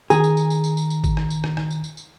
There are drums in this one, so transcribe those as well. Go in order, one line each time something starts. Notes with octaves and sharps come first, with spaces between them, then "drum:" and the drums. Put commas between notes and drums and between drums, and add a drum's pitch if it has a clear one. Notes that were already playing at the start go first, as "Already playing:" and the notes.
D#3 G#4 A#5, drum: tambourine
drum: tambourine
drum: tambourine
drum: tambourine
drum: tambourine
drum: tambourine
drum: tambourine
drum: kick, tambourine
drum: rim click
drum: tambourine
drum: rim click
drum: rim click
drum: tambourine
drum: tambourine
drum: tambourine